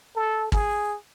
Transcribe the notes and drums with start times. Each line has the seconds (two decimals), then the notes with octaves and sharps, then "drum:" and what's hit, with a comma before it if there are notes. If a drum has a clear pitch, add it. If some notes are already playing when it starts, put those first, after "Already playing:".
0.16 A4
0.52 G#4, drum: kick G#1